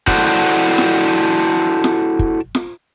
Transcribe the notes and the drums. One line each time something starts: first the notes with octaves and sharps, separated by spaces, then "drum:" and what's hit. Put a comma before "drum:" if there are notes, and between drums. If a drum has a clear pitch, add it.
E4 F#4 A4 C5 D5 F#5, drum: kick
drum: snare F4
drum: snare F4
drum: kick
drum: snare F4